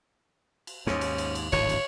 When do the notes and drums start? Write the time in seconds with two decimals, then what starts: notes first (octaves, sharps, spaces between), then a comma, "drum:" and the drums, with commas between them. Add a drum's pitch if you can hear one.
0.67 drum: cymbal
0.87 D#2 G#2 C#4, drum: snare
1.01 drum: cymbal
1.18 drum: cymbal
1.35 drum: cymbal
1.52 D1 G#1 D3 C#5, drum: cymbal
1.69 drum: cymbal